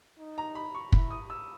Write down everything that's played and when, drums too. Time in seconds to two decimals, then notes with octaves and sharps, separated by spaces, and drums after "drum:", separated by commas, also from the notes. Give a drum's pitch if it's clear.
0.19 D#4
0.38 A#5
0.55 B5
0.75 C#6
0.92 E4 B5, drum: kick
1.10 D#6
1.30 E6